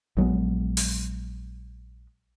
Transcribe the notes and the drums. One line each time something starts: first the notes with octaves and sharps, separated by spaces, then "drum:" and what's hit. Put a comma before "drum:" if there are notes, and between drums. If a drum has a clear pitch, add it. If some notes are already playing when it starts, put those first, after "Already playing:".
A#1 F#3 G#3 B3
drum: open hi-hat